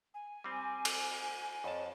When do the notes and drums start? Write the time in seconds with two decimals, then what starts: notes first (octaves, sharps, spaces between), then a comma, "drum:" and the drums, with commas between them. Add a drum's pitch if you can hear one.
0.14 G#5
0.44 G3 C4
0.85 drum: cymbal
1.64 F2 C#5 A5